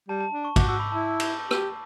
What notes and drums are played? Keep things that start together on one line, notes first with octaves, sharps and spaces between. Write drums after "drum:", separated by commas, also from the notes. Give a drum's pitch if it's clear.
G3 A5
A5
D4
C#6
F#4 D6, drum: kick, cymbal
F#4 E6
B5
E4 A5
drum: cymbal
G4, drum: rim click